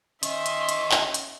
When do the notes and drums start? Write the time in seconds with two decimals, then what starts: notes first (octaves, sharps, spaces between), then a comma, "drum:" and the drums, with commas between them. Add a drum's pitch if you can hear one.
0.23 D#3 C#4 D#5 E5 C6, drum: hi-hat
0.46 drum: hi-hat
0.69 drum: hi-hat
0.91 drum: clap
1.14 drum: hi-hat